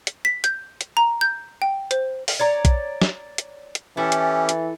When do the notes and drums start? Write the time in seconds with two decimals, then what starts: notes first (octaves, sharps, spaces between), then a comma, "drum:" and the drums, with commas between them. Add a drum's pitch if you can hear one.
0.07 drum: hi-hat
0.25 B6
0.44 G6, drum: hi-hat
0.81 drum: hi-hat
0.97 A#5
1.21 G6
1.62 G5
1.91 C5, drum: hi-hat
2.28 drum: open hi-hat
2.39 C#5 D5 A#5
2.65 drum: kick, hi-hat
3.02 drum: snare
3.38 drum: hi-hat
3.75 drum: hi-hat
3.97 E3 C#4 E4 G4 A4 B4
4.12 drum: hi-hat
4.49 drum: hi-hat